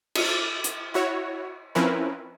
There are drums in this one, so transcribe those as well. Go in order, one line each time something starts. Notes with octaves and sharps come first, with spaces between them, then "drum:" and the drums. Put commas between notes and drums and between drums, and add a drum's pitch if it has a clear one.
drum: cymbal
D6 A6
drum: hi-hat
E4 F#4 C#5
F3 C4 C#4 E4 A#4 B4